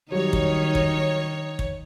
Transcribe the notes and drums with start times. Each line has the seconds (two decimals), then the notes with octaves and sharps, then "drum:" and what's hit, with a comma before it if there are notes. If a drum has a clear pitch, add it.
0.12 D#3 F#3 G3 D#4 C#5
0.33 drum: kick
0.75 drum: kick
1.59 drum: kick